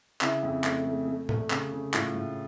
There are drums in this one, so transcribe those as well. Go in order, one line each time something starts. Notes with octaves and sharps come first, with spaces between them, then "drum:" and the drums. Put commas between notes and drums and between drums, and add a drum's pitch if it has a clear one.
C#3 E4, drum: clap
F2
A3, drum: clap
A3
A3
A3, drum: tom
C#3, drum: clap
C#3
A2 F4, drum: clap
A2